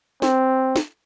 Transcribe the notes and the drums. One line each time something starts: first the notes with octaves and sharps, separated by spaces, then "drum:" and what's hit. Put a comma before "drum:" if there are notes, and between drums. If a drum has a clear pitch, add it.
C4, drum: snare
drum: snare